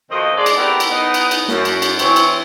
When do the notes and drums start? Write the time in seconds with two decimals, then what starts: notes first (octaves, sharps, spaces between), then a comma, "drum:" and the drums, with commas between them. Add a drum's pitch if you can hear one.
0.10 F2 B2 D#3 F3 C4 D#5
0.37 G#3 D5
0.46 drum: cymbal
0.57 A3 B3 C4 G4 A#4 D5
0.80 drum: cymbal
0.90 B3 D#4
1.14 drum: cymbal
1.31 drum: cymbal
1.48 F#2, drum: snare
1.65 drum: cymbal
1.82 drum: cymbal
1.99 E3 C4 C#5, drum: cymbal
2.16 drum: cymbal